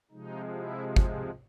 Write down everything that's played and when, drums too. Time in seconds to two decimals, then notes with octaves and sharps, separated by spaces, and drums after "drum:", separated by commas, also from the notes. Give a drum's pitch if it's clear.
0.11 C3 F3 G#3 D#4
0.54 E4
0.96 drum: kick